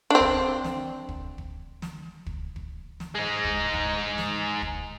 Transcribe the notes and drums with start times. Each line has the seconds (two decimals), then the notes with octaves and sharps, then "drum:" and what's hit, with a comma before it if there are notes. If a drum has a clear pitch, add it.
0.10 C4 D4
0.20 drum: kick
0.64 drum: snare
1.09 drum: kick
1.38 drum: kick
1.82 drum: snare
2.26 drum: kick
2.56 drum: kick
3.00 drum: snare
3.15 G#3 D#4
3.44 drum: kick
3.74 drum: kick
4.18 drum: snare
4.62 drum: kick